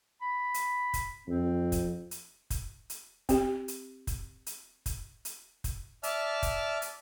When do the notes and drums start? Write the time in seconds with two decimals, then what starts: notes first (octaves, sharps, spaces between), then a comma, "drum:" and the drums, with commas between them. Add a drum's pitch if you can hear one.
0.22 B5
0.54 drum: hi-hat
0.94 drum: kick F1, hi-hat
1.28 F2 C4
1.72 drum: kick F1, hi-hat
2.11 drum: hi-hat
2.50 drum: kick F1, hi-hat
2.90 drum: hi-hat
3.29 C4 G4, drum: kick F1, hi-hat
3.68 drum: hi-hat
4.07 drum: kick F1, hi-hat
4.46 drum: hi-hat
4.86 drum: kick F1, hi-hat
5.25 drum: hi-hat
5.64 drum: kick F1, hi-hat
6.03 D5 E5 A5 F6, drum: hi-hat
6.43 drum: kick F1, hi-hat
6.82 drum: hi-hat